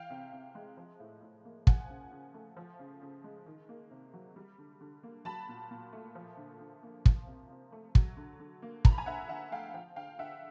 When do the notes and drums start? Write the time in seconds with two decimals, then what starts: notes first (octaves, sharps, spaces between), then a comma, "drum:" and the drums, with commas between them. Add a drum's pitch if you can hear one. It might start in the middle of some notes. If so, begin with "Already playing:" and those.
Already playing: E3 F5 G5
0.10 C3
0.33 C3
0.55 G#3
0.77 F3
1.00 A2
1.22 A2
1.45 A#3
1.67 F3 F#5 G#5, drum: kick
1.89 C#3
2.11 C#3
2.34 A3
2.57 F3
2.79 C#3
3.02 C#3
3.24 G#3
3.46 D#3
3.69 A#3
3.91 C3
4.13 F#3
4.36 G3
4.58 D3
4.81 D3
5.03 A#3
5.25 F#3 A5 B5
5.48 A#2
5.71 A#2
5.93 A3
6.15 F3
6.37 D3
6.60 D3
6.83 A#3
7.06 F3, drum: kick
7.27 C3
7.50 C3
7.72 A3
7.95 F#3, drum: kick
8.17 D3
8.40 D3
8.62 A#3
8.85 F3 A#5, drum: kick
8.92 B5
8.98 G#5 A#5
9.06 D3 E5 F#5
9.29 D3 E5 F#5
9.52 A3 F5 G5
9.74 F3 F5 G5
9.96 D3 F5 G5
10.18 D3 E5 F#5